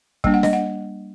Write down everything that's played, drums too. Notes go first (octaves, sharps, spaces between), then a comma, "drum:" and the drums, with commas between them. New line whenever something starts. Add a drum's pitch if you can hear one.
G3 A#3 D4 G5, drum: kick
F#5
D#5, drum: snare
F#5